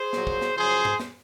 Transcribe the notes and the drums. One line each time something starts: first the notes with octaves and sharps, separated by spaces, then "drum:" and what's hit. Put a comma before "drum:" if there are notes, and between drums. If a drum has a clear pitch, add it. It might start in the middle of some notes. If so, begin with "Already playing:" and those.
Already playing: G#4 C5
A#2 F#3, drum: snare
drum: kick
drum: snare
F#2 C#3 F3 G#4 C5
drum: tom G#2
drum: snare